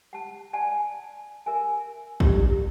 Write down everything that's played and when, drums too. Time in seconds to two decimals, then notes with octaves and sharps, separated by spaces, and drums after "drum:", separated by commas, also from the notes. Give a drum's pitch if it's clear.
0.13 F#5 A5
0.53 D5 F#5 G#5 A5
1.46 A#4 E5 G#5
2.20 E4 F4 G4 D5, drum: kick